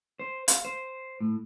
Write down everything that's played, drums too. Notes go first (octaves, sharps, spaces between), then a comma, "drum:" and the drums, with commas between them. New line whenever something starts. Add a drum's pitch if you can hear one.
C5
F5, drum: hi-hat
C5
A2